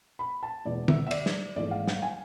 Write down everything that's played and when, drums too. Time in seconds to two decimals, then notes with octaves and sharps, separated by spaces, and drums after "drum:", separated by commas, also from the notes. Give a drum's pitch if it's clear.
0.19 B5
0.43 A5
0.65 E1 E2 B2 D5
0.88 E5, drum: tom D3
1.07 E5
1.11 D5, drum: cymbal
1.26 drum: snare
1.56 G#1 G#2 E3 A3 D5
1.71 F5
1.88 F5, drum: snare
2.02 G#5